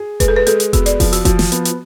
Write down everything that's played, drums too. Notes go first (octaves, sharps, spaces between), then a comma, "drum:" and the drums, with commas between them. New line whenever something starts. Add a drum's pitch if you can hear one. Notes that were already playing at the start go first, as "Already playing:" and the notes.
Already playing: G#4
G#3 B4, drum: kick F1, hi-hat
A4
B4
G#3 A4, drum: hi-hat
drum: hi-hat
B3 F#4, drum: kick F1, hi-hat
D5, drum: hi-hat
F3, drum: kick F1, open hi-hat
F#4, drum: hi-hat
F3 F#4, drum: kick F1, hi-hat
drum: snare
B3, drum: hi-hat
drum: hi-hat